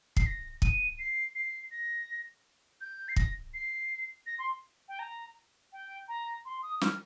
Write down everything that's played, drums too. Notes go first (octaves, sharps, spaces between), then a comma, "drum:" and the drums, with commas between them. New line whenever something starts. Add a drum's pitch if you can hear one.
C7, drum: kick
A#6
D#7, drum: kick
C7
C7
A#6
G6
C7
A#6, drum: kick
C7
A#6
C6
G5
A#5
G5
A#5
C6
D#6
F6, drum: snare